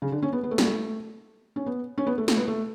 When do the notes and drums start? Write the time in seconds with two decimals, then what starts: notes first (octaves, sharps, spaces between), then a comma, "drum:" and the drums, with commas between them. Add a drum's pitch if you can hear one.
0.02 C#3
0.12 D3
0.23 C#4
0.33 B3
0.43 B3
0.51 A3
0.58 G3, drum: snare
0.65 A3
1.56 C#4
1.66 B3
1.98 C#4
2.07 B3
2.18 A3
2.28 A3, drum: snare
2.37 B3
2.48 A3